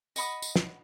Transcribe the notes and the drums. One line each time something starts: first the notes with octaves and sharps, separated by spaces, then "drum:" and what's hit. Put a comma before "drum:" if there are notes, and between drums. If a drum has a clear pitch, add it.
D#5 F#5 B5 D#6, drum: tambourine
drum: tambourine
drum: snare